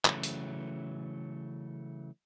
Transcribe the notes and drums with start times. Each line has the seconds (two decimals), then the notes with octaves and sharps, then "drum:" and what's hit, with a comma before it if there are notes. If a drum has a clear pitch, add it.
0.05 C#3 E3 F#3 A3, drum: clap
0.23 drum: hi-hat